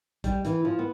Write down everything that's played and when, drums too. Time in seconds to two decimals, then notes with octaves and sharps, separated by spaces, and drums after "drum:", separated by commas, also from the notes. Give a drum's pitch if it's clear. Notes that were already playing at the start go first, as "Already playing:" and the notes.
0.24 G3, drum: kick, hi-hat
0.45 E3, drum: hi-hat
0.65 F3
0.79 B3